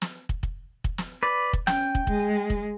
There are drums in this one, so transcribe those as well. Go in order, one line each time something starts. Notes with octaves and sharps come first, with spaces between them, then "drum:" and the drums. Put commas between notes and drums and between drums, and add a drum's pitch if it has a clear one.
drum: snare
drum: kick
drum: kick
drum: kick
drum: snare
B4 D5
drum: kick
C#4 G5, drum: snare
drum: kick
G#3, drum: kick
drum: kick